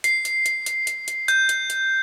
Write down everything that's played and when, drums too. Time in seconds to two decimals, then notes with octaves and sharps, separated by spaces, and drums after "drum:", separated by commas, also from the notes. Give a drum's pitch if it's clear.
0.04 C7, drum: hi-hat
0.25 drum: hi-hat
0.46 drum: hi-hat
0.66 drum: hi-hat
0.87 drum: hi-hat
1.08 drum: hi-hat
1.28 G6, drum: hi-hat
1.49 drum: hi-hat
1.70 drum: hi-hat